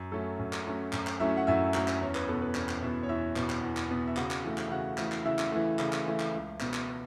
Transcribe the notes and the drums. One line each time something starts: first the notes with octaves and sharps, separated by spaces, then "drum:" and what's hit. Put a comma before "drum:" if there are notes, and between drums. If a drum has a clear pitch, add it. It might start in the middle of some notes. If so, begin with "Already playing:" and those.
Already playing: F#2
F#3 A3 C#4 A4
F#2
drum: clap
F#3 A3 C#4
F#2, drum: clap
drum: clap
F#3 A3 C#4 E4 E5
F#5
F#2 E4 E5
F#3 A3 C#4, drum: clap
drum: clap
E2 C#4 C#5
B4, drum: clap
B2 B3 A4
B4
E2 C#4 C#5, drum: clap
drum: clap
B2 B3 E4 E5
C#5
E2 E4 E5
B2 B3, drum: clap
drum: clap
E2
drum: clap
B2 B3
E5
C#3 F#4 F#5, drum: clap
drum: clap
E3 A3
drum: clap
C#3 F#4 F#5
E3 A3, drum: clap
drum: clap
C#3 E4 E5
drum: clap
E3 A3
C#3, drum: clap
drum: clap
E3 A3
drum: clap
C#2
B2 B3, drum: clap
drum: clap